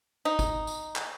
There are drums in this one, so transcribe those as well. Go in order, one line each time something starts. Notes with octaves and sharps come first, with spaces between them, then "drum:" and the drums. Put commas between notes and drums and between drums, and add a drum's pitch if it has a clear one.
D#4
drum: kick G1, tambourine
drum: tambourine
drum: clap